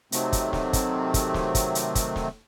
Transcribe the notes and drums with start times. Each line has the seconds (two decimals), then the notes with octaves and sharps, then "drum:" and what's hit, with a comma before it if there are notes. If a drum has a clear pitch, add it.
0.12 C3 D#3 F#3 A3 C4, drum: hi-hat
0.33 drum: kick, hi-hat
0.53 drum: snare
0.73 drum: kick, hi-hat
1.14 drum: kick, hi-hat
1.34 drum: snare
1.55 drum: kick, hi-hat
1.75 drum: hi-hat
1.95 drum: kick, hi-hat
2.16 drum: snare